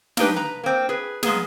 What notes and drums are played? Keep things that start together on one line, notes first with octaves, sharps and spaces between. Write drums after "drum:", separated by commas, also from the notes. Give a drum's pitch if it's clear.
A#3 D4 D#4 G4 B4, drum: snare
B4 A#5
A#3 C4
G#4 B4
G#3 A#3 B3 G#4, drum: snare